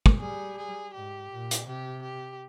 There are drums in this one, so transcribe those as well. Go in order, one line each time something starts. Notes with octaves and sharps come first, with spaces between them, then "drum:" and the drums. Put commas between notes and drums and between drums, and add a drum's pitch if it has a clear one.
drum: kick
G3 G#4
G#4
G#2 G4
A#2
drum: hi-hat
C3 G4
G4